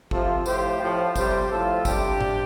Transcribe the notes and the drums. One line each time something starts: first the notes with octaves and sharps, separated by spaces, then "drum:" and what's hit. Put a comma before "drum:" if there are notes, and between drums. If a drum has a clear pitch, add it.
C3 F3 F4 A4, drum: kick G1
A2 F3 G4 C5, drum: tambourine
A2 F3
C3 G3 G4 C5, drum: kick G1, tambourine
A2 F3 F4 A4
C3 G3 D4 G4, drum: kick G1, tambourine
drum: tom A2